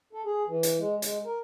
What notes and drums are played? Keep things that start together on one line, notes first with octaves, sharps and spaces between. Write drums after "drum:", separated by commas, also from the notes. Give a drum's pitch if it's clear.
A4
G#4
E3
drum: hi-hat
G#3
G#3, drum: hi-hat
A#4